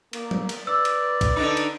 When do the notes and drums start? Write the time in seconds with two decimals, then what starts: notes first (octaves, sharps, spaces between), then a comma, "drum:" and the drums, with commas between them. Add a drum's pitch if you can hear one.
0.13 A#3, drum: cymbal
0.31 drum: tom
0.49 drum: cymbal
0.67 B4 D5 E6
0.85 drum: cymbal
1.21 drum: kick, cymbal
1.36 D3 D4 D#4
1.57 drum: cymbal